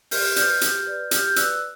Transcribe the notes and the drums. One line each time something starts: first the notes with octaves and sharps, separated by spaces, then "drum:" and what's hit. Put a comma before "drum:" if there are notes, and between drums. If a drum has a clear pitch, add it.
G4 F6 G6, drum: open hi-hat
B4 D5 F6 G6, drum: hi-hat
G4 F6 G6, drum: hi-hat
B4 D5
G4 F6 G6, drum: hi-hat
G6
B4 D5 E6 F#6, drum: hi-hat